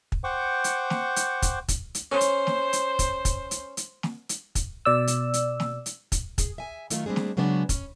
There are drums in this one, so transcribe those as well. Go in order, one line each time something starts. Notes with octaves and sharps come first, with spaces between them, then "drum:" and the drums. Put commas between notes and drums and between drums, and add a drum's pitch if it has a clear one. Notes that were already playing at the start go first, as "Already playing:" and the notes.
drum: kick
C5 F#5 G5 C#6 D6
drum: hi-hat
drum: snare
drum: hi-hat
drum: kick, hi-hat
drum: kick, hi-hat
drum: hi-hat
C#4 C5
drum: hi-hat
drum: snare
drum: hi-hat
drum: kick, hi-hat
drum: kick, hi-hat
drum: hi-hat
drum: hi-hat
drum: snare
drum: hi-hat
drum: kick, hi-hat
B2 D5 E6
drum: hi-hat
drum: hi-hat
drum: snare
drum: hi-hat
drum: kick, hi-hat
G#4, drum: kick, hi-hat
E5 G#5
D#3 F#3 A3 F4, drum: hi-hat
G3 A3 C4 D4 G#4
drum: snare
C#3 F#3 G#3 B3 D4
C#4, drum: kick, hi-hat